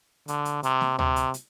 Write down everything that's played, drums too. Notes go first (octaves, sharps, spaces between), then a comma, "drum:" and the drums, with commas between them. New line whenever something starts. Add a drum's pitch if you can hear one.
D3, drum: hi-hat
drum: hi-hat
C3, drum: hi-hat
drum: snare
C3, drum: tom D2
drum: hi-hat
drum: hi-hat